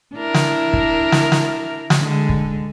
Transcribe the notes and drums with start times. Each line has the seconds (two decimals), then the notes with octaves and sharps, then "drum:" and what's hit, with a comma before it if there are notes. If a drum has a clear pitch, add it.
0.15 D4 E4 A#4
0.34 drum: snare
0.73 drum: kick
1.12 drum: snare
1.32 drum: snare
1.90 drum: snare
2.00 D3 G#3
2.29 drum: kick